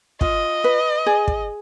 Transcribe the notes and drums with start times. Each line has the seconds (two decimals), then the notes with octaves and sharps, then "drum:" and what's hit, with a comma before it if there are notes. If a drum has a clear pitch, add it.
0.21 F4 D#5, drum: kick
0.64 B4
1.06 G#4
1.28 drum: kick